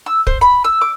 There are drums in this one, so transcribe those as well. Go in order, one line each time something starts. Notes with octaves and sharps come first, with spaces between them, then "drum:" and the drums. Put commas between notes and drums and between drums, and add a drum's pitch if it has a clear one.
E6
C5, drum: kick
B5
E6
D6